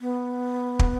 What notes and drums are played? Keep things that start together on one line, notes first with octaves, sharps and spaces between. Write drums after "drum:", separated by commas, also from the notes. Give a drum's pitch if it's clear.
B3
drum: kick